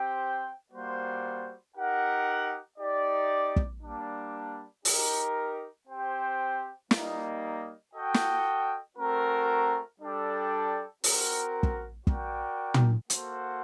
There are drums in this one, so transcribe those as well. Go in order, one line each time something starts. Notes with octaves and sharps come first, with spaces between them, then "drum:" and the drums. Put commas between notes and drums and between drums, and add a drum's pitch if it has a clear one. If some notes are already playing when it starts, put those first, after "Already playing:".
Already playing: C4 G4 C5 G5
G3 A#3 F#4 C5
D#4 G4 A#4 F#5
D#4 G4 D5
drum: kick
G3 A#3 D4
D#4 G4 A#4, drum: open hi-hat
C4 G4 C5 G5
G3 A#3 D#4, drum: snare
F#4 A4 D#5 G5
drum: snare
A3 C4 F#4 A#4
G3 D4 A4 D5 G5
C4 F#4 A#4, drum: open hi-hat
drum: kick
F#4 A#4 D5 G5, drum: kick
drum: tom
A#3 F#4 A4 C5 F#5, drum: hi-hat